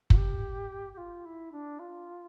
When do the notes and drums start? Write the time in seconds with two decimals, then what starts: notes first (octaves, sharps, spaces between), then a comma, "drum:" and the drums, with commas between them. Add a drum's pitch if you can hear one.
0.10 F4, drum: kick
0.16 G4
0.93 G4
0.98 F4
1.25 E4
1.52 D4
1.79 F4